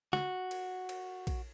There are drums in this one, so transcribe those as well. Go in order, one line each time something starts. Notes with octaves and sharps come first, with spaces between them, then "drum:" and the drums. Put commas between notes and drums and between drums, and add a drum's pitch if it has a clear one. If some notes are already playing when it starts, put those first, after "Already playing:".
F#4, drum: snare
drum: cymbal
drum: cymbal
drum: kick A#1, cymbal